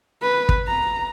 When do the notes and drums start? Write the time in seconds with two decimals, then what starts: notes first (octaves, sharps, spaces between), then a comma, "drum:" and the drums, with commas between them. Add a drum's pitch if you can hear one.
0.22 B4
0.49 drum: kick
0.68 A#5